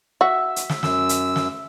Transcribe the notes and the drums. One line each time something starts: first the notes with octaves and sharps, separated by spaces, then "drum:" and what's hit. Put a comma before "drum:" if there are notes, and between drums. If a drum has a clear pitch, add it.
F#4 E5
drum: hi-hat
drum: snare
F#2 E6, drum: snare
drum: hi-hat
drum: snare